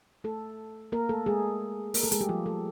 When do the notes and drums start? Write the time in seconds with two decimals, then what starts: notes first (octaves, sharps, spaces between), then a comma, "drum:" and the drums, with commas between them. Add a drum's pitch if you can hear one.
0.24 A3 A4
0.92 A#3 A#4
1.09 A3 A4
1.26 G#3 G#4
1.94 A#3 A#4, drum: open hi-hat
2.03 A3 A4
2.12 G#3 G#4, drum: hi-hat
2.21 G3 G4
2.29 F3 F4
2.46 A3 A4